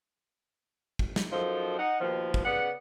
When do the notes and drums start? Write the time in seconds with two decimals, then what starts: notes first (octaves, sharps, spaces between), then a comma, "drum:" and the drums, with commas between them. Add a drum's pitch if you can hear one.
0.99 drum: kick
1.16 drum: snare
1.31 F#2 F3 D#4 A4 C5
1.79 D#4 F#5
2.00 D#2 B2 D#3 F3
2.34 drum: kick
2.45 C#3 B3 D5 F#5